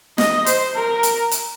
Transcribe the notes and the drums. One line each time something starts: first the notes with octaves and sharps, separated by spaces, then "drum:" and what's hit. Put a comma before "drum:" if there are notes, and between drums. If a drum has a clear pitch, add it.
D#5, drum: snare
C5, drum: hi-hat
A#4
drum: hi-hat
drum: hi-hat